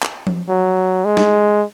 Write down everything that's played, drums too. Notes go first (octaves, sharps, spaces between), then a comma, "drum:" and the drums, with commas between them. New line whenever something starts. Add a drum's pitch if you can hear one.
drum: clap
drum: tom F3
F#3
G#3
drum: snare